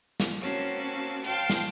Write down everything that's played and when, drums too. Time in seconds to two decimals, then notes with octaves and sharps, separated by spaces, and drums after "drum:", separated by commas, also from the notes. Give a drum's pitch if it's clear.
0.20 drum: snare
0.41 A#3 C4 C#4 F#4 A5
1.24 C5 F5 G5 A5 C6 A6, drum: hi-hat
1.50 drum: snare